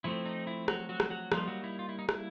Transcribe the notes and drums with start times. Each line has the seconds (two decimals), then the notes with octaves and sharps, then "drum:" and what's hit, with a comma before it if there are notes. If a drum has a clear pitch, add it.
0.04 F3 A3 C4 E4
0.26 D#4
0.47 E4
0.68 F#3 F#4, drum: rim click
0.89 F#3 F#4
1.00 drum: rim click
1.10 F#3 F#4
1.32 F3 G3 A#3 D#4 F4, drum: rim click
1.48 F#3 F#4
1.64 E4
1.79 F4
1.89 E4
1.99 D#4
2.09 E4, drum: rim click